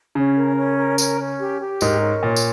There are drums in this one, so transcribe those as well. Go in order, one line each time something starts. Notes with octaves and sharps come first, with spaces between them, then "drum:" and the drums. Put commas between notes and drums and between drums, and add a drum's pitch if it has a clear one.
C#3 C#4
A#4
C#4
A#4
C#4, drum: tambourine
C#4
G4
G4
G#2 A#4, drum: tambourine
C#4
A#2 C#5
drum: tambourine